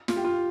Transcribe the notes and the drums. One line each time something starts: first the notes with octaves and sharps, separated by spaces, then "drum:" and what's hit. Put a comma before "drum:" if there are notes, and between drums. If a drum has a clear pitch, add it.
F4, drum: snare
G4
F4